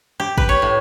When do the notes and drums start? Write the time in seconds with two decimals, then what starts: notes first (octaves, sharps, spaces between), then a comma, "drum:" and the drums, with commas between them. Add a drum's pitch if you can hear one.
0.20 G4
0.38 B4, drum: kick
0.49 C#5
0.62 A2